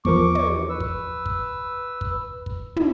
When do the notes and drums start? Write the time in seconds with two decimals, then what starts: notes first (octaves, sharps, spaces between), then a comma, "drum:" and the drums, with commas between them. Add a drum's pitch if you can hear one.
0.05 E2 F3 A#4 C#6 D6, drum: kick
0.35 drum: tom
0.70 B4 E6
0.80 drum: kick
1.26 drum: kick
2.01 drum: kick
2.46 drum: kick
2.76 drum: tom